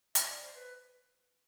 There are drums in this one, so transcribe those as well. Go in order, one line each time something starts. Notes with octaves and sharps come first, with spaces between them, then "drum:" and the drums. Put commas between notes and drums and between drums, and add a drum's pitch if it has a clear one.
E5, drum: hi-hat
D5
C5
B4